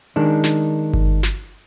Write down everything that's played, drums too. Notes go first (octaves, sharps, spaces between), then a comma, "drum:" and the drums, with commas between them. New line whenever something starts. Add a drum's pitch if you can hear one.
D#3 G#3 D4
drum: snare
drum: kick G1
drum: snare